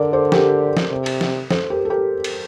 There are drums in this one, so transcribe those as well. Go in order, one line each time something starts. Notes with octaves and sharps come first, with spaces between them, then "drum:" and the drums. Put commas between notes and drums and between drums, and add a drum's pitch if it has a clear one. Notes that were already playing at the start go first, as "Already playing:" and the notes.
Already playing: D3 A#4 D5
A4 C5
G4 A#4, drum: snare
drum: snare
C3
drum: cymbal
drum: snare
A4 C5, drum: snare
G4 A#4
A4
G4 A#4
drum: cymbal